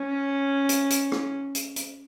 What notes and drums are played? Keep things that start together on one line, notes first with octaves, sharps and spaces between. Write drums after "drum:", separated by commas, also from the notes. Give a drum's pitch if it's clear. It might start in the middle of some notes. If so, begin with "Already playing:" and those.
Already playing: C#4
drum: hi-hat
drum: hi-hat
drum: rim click
drum: hi-hat
drum: hi-hat